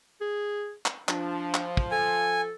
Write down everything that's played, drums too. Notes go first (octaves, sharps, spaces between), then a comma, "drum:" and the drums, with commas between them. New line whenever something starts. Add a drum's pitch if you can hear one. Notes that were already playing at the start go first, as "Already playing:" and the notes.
G#4
drum: clap
F3 D4, drum: clap
drum: clap
drum: kick
A4 G#5